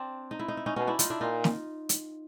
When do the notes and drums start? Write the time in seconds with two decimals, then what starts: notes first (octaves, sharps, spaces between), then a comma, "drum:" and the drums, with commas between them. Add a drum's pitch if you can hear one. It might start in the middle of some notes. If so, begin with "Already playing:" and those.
Already playing: C4 D4
0.31 D#4
0.39 E4
0.48 D#4
0.57 E4
0.66 C#4 D#4
0.76 B2 C#4 D#4
0.87 D4 E4
0.99 D#4 F4, drum: hi-hat
1.10 D4 E4
1.21 A#2 D#4 F4
1.44 drum: snare
1.89 drum: hi-hat